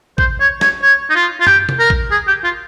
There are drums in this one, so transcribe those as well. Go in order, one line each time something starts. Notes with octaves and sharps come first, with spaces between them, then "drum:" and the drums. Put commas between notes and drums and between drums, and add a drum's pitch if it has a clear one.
C5, drum: kick
C#5
C#5, drum: snare
C#5
D#4
F4
F4
G4, drum: tom
drum: tom C3
A#4
drum: kick
G#4
G4
F4